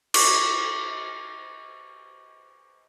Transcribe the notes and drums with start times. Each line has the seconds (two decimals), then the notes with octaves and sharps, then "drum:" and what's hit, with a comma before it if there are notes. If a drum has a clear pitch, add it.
0.14 C#6 D6, drum: cymbal